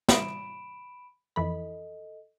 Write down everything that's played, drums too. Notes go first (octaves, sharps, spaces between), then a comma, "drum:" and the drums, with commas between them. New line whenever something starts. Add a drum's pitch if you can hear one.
E5 B5 D#6 D7 E7, drum: snare
F2 E3 A4 D#5 B5